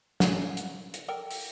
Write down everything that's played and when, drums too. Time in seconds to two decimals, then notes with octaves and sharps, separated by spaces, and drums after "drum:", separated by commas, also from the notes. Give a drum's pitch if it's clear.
0.20 C#4 F4 F#5, drum: snare
0.57 drum: hi-hat
0.94 drum: hi-hat
1.08 A4 A#4 G5
1.31 drum: open hi-hat